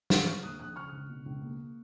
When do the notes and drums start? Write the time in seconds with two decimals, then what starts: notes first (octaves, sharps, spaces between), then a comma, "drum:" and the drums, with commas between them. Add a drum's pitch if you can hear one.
0.10 C#3, drum: snare
0.26 G#3 C#6 F6
0.43 D#2 D#6 F#6
0.60 F1 D#6 F#6
0.76 C#3 C#6 F6
0.92 C#2
1.09 B2
1.26 C#2
1.42 A#3